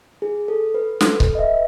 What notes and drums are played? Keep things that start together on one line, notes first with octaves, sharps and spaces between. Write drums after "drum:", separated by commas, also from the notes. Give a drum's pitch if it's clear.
G#4
A4
B4
A4, drum: snare
B4, drum: kick C#1
D#5
E5